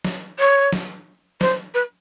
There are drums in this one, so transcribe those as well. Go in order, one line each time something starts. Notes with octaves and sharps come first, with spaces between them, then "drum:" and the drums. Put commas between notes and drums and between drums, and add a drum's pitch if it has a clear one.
drum: snare
C#5
drum: snare
C5, drum: snare
B4